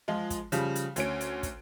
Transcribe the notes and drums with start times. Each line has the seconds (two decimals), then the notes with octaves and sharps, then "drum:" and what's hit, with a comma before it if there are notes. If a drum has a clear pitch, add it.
0.08 F3 G#3 F4
0.30 drum: kick, hi-hat
0.52 C#3 F3 G3, drum: hi-hat
0.75 drum: hi-hat
0.96 D2 C#4 D7, drum: hi-hat
1.21 drum: hi-hat
1.43 drum: kick, hi-hat